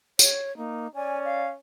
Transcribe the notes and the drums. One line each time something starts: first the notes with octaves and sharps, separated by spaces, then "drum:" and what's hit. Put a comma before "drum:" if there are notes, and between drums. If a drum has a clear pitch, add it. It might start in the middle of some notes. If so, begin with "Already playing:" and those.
C#5, drum: tambourine
A#3 D#4
C#4 D5 G#5
F5